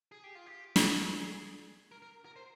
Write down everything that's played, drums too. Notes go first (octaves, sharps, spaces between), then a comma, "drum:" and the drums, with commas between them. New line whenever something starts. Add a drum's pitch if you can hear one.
G#4
G4
F4
G4
C5, drum: snare
A#4
G#4
A#4
A#4
A#4
C5